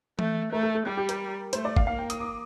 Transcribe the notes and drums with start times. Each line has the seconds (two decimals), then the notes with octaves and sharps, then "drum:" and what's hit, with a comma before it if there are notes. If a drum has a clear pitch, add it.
0.19 A3, drum: tom E3
0.52 A3 A#4
0.63 A4
0.75 A4
0.86 G3 G4
0.97 G4
1.09 A#4, drum: hi-hat
1.53 A3 C5, drum: hi-hat
1.65 D5
1.77 F5, drum: kick G#1
1.87 A#3 F5
1.99 G5
2.10 D#6, drum: hi-hat
2.20 D6